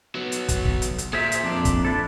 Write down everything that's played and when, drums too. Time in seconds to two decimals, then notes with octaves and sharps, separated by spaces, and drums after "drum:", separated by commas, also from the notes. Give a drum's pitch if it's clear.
0.15 F#3 B3
0.32 drum: hi-hat
0.48 drum: kick, hi-hat
0.65 drum: kick
0.82 drum: hi-hat
0.98 drum: hi-hat
1.13 A#2 G#4 C5 E5
1.32 drum: hi-hat
1.44 F2 D4
1.65 drum: kick, hi-hat
1.85 D4 E4 A4